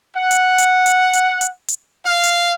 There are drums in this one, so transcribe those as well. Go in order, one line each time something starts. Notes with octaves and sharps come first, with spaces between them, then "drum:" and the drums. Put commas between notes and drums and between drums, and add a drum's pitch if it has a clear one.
F#5
drum: hi-hat
drum: hi-hat
drum: hi-hat
drum: hi-hat
drum: hi-hat
drum: hi-hat
F5
drum: hi-hat